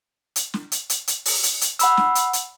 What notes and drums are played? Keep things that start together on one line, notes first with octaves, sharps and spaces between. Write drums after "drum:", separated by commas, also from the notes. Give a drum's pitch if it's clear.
drum: hi-hat
drum: snare
drum: hi-hat
drum: hi-hat
drum: hi-hat
drum: open hi-hat
drum: hi-hat
drum: hi-hat
F#5 B5 E6, drum: hi-hat
drum: snare
drum: hi-hat
drum: hi-hat